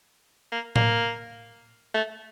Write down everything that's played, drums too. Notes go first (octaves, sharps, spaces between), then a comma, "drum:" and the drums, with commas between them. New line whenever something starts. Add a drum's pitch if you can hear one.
A#3
A#3, drum: tom A2
A3